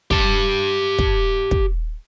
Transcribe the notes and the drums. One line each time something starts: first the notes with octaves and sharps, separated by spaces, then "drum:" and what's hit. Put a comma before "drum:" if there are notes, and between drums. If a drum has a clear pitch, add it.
G4 A5, drum: kick
drum: kick
drum: kick